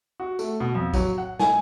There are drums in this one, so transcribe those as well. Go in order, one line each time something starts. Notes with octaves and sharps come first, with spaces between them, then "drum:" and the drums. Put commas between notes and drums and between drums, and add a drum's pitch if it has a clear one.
F#4
A3, drum: tambourine
B2
F2
F#3, drum: kick A#1, tambourine
F#5
G#5, drum: snare